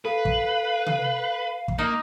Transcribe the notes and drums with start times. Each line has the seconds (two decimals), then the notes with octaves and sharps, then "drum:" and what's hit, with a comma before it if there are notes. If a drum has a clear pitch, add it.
0.05 A4 B4 F5
0.25 drum: kick
0.86 drum: tom C3
1.68 drum: kick
1.78 A#3 D#4